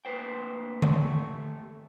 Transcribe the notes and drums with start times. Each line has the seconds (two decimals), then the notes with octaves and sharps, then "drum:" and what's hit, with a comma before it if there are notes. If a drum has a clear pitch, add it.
0.05 D2 A#2 B4 C5 G5
0.82 A3 G4 A4 C#5, drum: tom D3